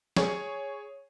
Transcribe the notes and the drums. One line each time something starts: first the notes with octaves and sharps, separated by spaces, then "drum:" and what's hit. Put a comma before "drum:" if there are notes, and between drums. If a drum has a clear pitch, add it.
G#4 C#5, drum: snare